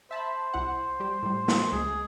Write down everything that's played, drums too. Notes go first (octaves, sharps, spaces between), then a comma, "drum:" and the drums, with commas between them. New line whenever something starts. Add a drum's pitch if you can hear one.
C5 E5 A5 B5
C2 E4 F#5
G3 G4
A2 G3
drum: snare
C#2 G#3 G#4